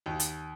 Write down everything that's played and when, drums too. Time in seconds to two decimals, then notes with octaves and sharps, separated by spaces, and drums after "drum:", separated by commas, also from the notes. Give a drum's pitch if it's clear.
0.06 D#2
0.20 drum: hi-hat